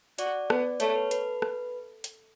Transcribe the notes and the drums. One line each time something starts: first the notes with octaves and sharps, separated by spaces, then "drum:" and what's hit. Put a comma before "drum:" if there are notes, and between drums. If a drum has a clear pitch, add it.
F#4 D5, drum: hi-hat
B3, drum: rim click
A3 C#5, drum: hi-hat
B4
B4, drum: hi-hat
drum: rim click
drum: hi-hat